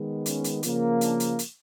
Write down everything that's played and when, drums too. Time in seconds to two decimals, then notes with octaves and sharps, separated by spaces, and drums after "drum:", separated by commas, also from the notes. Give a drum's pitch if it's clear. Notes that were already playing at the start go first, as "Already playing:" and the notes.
Already playing: D#3 G#3 B3
0.26 C#4, drum: hi-hat
0.44 drum: hi-hat
0.63 C#3 F3 A#3, drum: hi-hat
1.01 D4, drum: hi-hat
1.20 drum: hi-hat
1.39 drum: hi-hat